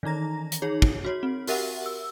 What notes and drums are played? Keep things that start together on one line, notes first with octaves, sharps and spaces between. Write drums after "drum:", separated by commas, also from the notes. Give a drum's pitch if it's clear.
D#3 E3 D#4 A#5 A#6
drum: hi-hat
D#4 G#4 C#5
drum: kick
F#4 C#5
C4
F#4 G4 A#4 E5 F#5, drum: open hi-hat
E6